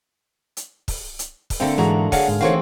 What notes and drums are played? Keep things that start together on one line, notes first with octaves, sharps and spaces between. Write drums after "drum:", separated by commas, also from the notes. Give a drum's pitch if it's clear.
drum: hi-hat
drum: kick, open hi-hat
drum: hi-hat
drum: kick, open hi-hat
D3 A3 A#3 C4
G#2 E3 G#3 F#4 A#5 F7
G#4 C#5 D5 F5 F#5 G#5, drum: kick, open hi-hat
G#2
D#3 E3 A3 C4 F#4 C#5 F5